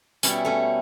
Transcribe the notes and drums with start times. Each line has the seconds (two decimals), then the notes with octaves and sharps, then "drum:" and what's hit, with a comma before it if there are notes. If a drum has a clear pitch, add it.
0.23 B2 G3 C#4 E4, drum: hi-hat
0.45 A3 C#4